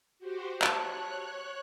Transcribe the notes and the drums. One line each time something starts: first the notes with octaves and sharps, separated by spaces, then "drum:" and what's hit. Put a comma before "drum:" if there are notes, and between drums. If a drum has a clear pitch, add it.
F#4 G4 C5
C#5 A5 F#6, drum: clap